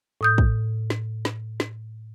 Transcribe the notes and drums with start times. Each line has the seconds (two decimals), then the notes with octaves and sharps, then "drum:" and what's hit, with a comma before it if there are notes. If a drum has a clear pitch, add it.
0.21 A2 D#6 G6
0.38 drum: kick
0.90 drum: snare
1.25 drum: snare
1.60 drum: snare